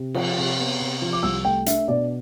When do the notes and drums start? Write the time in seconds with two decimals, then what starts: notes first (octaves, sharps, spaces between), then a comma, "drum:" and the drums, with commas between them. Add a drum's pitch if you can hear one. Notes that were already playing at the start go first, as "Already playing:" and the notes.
Already playing: C3
0.14 F3, drum: cymbal
0.37 C3
0.59 B3
0.79 C3
1.02 F3
1.13 D6
1.23 C2 E6
1.44 A3 G5
1.66 D4 E5, drum: hi-hat
1.88 B2 D5